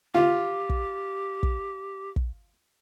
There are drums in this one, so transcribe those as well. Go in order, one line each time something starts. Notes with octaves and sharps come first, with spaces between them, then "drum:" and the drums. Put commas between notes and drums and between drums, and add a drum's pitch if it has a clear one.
F4 G4
drum: kick
drum: kick
drum: kick